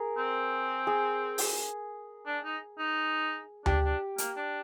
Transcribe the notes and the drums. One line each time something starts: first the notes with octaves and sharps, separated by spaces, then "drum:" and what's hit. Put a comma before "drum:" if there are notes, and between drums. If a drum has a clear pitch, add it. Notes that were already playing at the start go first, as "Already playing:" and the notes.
Already playing: G#4 A#4
C4
G#4
drum: open hi-hat
D4
D#4
D#4
D4 G4, drum: tom D2
D4
A#3, drum: hi-hat
D4